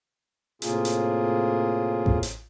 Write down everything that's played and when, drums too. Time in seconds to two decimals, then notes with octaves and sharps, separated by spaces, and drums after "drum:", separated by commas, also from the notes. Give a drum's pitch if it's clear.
0.62 A2 C3 A#3 F4 G#4, drum: hi-hat
0.85 drum: hi-hat
2.06 drum: kick A1
2.23 drum: hi-hat